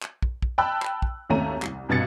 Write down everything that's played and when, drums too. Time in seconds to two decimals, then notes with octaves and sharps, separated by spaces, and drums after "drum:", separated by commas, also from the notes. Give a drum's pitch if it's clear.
0.02 drum: clap
0.22 drum: kick
0.42 drum: kick
0.58 G5 A5 B5 E6 F#6
0.82 drum: clap
1.02 drum: kick
1.29 G#1 D#2 A3 C#4 A#5 D#7
1.62 C2, drum: clap
1.89 G#1 G2 B2 G#6 A6 C#7